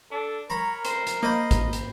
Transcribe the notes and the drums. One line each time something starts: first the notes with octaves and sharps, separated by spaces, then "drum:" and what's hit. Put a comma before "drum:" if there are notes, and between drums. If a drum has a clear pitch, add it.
D4 A4
A#4 C#5 A#5 B5
C5, drum: hi-hat
drum: hi-hat
A#3 C5 D#5 B5
drum: kick G#1, hi-hat
drum: hi-hat